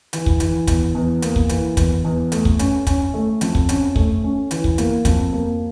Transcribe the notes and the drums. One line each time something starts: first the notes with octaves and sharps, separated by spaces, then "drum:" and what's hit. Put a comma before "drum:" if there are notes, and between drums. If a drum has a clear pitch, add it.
E3, drum: hi-hat
drum: kick
E3, drum: hi-hat
E2, drum: kick, hi-hat
E2
A#3, drum: hi-hat
drum: kick
E3, drum: hi-hat
E2, drum: kick, hi-hat
E2
A3, drum: hi-hat
drum: kick
C#4, drum: hi-hat
C#4, drum: kick, hi-hat
A3
F2, drum: hi-hat
drum: kick
C#4, drum: hi-hat
A3, drum: kick
C#4
E3, drum: hi-hat
drum: kick
A#3, drum: hi-hat
F2, drum: kick, hi-hat
A#3